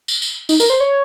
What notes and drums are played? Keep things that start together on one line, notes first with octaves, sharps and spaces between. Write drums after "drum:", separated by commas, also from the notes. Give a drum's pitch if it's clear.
drum: tambourine
drum: tambourine
D#4, drum: tambourine
A#4, drum: tambourine
C5
C#5